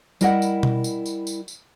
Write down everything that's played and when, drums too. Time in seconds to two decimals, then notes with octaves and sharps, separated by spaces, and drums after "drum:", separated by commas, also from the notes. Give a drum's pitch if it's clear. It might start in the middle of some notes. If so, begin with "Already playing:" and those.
0.21 G3 E4 A#4 D#5 F5 F#5, drum: tambourine
0.42 drum: tambourine
0.63 drum: tom B2
0.84 drum: tambourine
1.06 drum: tambourine
1.27 drum: tambourine
1.48 drum: tambourine